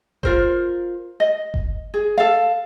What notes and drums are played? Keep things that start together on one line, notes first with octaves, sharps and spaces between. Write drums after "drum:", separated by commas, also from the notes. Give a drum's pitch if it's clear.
F4 A#4 C5, drum: kick F#1
D#5
drum: kick F#1
G#4
A4 F5